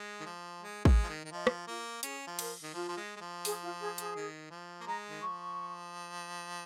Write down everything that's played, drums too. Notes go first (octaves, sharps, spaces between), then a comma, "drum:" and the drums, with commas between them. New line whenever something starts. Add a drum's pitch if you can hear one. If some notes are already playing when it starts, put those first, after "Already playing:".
Already playing: G#3
D#3
F3
G#3
G#3, drum: kick
F3
D#3
D#3
F3 D#5
drum: rim click
A#3 F4
C#4 G#4, drum: hi-hat
F3
A#4, drum: cymbal
D#3
F3 F4
F3
G#3
G#3
F3
G#4, drum: open hi-hat
F4
G#4
G#4, drum: hi-hat
D#3
F3
A#3
G#3 A#5
D#3
F3 C#6